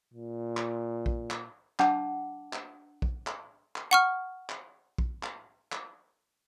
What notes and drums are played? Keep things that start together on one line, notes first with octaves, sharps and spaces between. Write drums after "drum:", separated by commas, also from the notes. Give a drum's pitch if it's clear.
A#2
drum: clap
drum: kick A#1
drum: clap
D4 F#5 A5 D6, drum: clap
drum: clap
drum: kick A#1
drum: clap
drum: clap
F#5 C#6 F6
drum: clap
drum: kick A#1
drum: clap
drum: clap